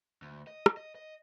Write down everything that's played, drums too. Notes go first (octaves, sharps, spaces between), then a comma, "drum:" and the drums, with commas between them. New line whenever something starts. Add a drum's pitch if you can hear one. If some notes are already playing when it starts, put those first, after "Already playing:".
D2
D#5
drum: rim click
D#5
D#5